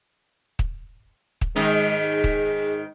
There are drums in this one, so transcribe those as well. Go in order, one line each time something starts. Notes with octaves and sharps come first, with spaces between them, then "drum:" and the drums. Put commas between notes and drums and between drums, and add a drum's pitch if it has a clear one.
drum: kick
drum: kick
G#2 D#3 G#3 D#4
G#4
drum: kick